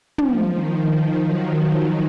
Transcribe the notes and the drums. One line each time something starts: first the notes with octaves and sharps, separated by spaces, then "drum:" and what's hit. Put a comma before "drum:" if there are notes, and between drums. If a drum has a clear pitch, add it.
F3, drum: tom
D#3
F3
F#3